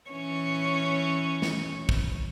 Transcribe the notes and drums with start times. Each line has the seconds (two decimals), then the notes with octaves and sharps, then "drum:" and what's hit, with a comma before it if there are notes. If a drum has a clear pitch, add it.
0.11 E3 C#4 C#5
1.42 drum: snare
1.89 drum: kick